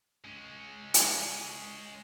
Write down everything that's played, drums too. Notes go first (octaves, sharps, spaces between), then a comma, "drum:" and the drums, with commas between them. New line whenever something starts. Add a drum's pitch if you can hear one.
G#3 C#4
drum: hi-hat